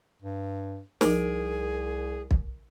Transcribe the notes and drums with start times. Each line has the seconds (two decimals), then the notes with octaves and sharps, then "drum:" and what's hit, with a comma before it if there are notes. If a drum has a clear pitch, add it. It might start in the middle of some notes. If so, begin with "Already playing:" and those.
0.22 G2
1.01 C2 F3 D#4 G#4 A#4, drum: snare
2.31 drum: kick